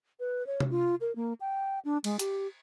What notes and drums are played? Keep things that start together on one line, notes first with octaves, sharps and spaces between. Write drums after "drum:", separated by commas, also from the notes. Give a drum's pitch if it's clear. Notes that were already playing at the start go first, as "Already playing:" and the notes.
B4
C#5
drum: tom C3
F4
A#4
A#3
G5
D4
G#3, drum: cymbal
G4, drum: hi-hat